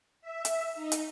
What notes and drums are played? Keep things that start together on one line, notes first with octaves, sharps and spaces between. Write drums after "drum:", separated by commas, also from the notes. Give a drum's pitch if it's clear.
E5
drum: hi-hat
D#4
drum: hi-hat